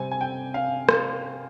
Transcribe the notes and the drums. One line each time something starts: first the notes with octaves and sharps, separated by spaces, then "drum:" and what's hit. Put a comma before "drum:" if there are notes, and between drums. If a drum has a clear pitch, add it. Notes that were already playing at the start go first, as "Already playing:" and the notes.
Already playing: C3 G3 C4 G#5
G#5
G5
F5
drum: rim click